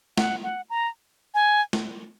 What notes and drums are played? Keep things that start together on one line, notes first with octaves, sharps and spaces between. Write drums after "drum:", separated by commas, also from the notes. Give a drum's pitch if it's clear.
F#5, drum: snare
F#5
A#5
G#5
drum: snare